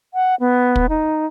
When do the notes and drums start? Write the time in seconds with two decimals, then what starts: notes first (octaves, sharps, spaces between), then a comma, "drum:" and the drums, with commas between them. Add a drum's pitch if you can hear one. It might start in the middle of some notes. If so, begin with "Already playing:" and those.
0.14 F#5
0.40 B3
0.76 drum: kick
0.89 D#4